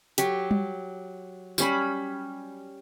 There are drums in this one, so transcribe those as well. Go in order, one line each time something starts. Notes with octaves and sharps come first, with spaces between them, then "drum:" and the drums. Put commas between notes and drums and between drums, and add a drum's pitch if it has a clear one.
F#3 G4, drum: hi-hat
drum: tom G3
G3 C#4 B5, drum: tambourine